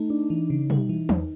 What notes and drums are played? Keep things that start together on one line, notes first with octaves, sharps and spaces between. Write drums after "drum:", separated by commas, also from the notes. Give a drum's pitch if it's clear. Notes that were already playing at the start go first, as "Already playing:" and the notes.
Already playing: A3 D#4
D4
E3
C#3
G3, drum: tom
E3
E2, drum: tom